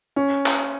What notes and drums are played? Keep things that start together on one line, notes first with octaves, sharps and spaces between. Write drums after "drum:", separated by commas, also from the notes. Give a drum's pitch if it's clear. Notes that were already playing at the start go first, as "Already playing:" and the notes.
C#4
drum: clap